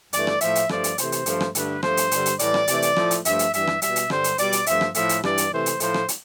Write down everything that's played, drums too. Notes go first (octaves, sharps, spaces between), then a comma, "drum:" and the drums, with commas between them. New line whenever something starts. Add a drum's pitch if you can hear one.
G2 E3 A3 D5, drum: hi-hat
drum: rim click
A2 F3 A3 E5, drum: hi-hat
drum: hi-hat
G2 F3 A3 D5, drum: rim click
drum: hi-hat
C3 E3 A3 C5, drum: hi-hat
drum: hi-hat
G2 F3 A3, drum: hi-hat
drum: rim click
G2 D3 A3 B4, drum: hi-hat
G2 F3 A3 C5, drum: rim click
drum: hi-hat
G2 D3 G3, drum: hi-hat
drum: hi-hat
A2 E3 G3 D5, drum: hi-hat
drum: rim click
C3 E3 A3, drum: hi-hat
drum: hi-hat
A2 F3 A3, drum: rim click
drum: hi-hat
G2 F3 A3 E5, drum: hi-hat
drum: hi-hat
G2 E3 G3 E5, drum: hi-hat
drum: rim click
B2 G3 E5, drum: hi-hat
drum: hi-hat
G2 D3 G3 C5, drum: rim click
drum: hi-hat
B2 G3 D5, drum: hi-hat
drum: hi-hat
G2 F3 A3 E5, drum: hi-hat
drum: rim click
A2 F3 A3 E5, drum: hi-hat
drum: hi-hat
G2 E3 G3 D5, drum: rim click
drum: hi-hat
C3 E3 A3 C5
drum: hi-hat
A2 F3 A3 C5, drum: hi-hat
drum: rim click
drum: hi-hat